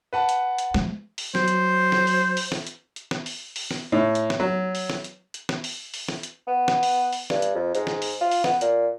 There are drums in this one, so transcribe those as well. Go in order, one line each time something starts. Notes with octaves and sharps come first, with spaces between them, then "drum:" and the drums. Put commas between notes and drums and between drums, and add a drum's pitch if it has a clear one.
B4 F#5 A5
drum: hi-hat
drum: hi-hat
F3 G#3, drum: snare
drum: open hi-hat
F#3 C5, drum: snare
drum: hi-hat
drum: snare
drum: open hi-hat
drum: open hi-hat
drum: snare
drum: hi-hat
drum: hi-hat
drum: snare
drum: open hi-hat
drum: open hi-hat
drum: snare
A2
drum: hi-hat
drum: snare
F#3
drum: open hi-hat
drum: snare
drum: hi-hat
drum: hi-hat
drum: snare
drum: open hi-hat
drum: open hi-hat
drum: snare
drum: hi-hat
B3
drum: snare
drum: open hi-hat
drum: open hi-hat
G2, drum: snare
drum: hi-hat
F2
G#2, drum: hi-hat
drum: snare
drum: open hi-hat
F4
drum: open hi-hat
B3, drum: snare
A#2, drum: hi-hat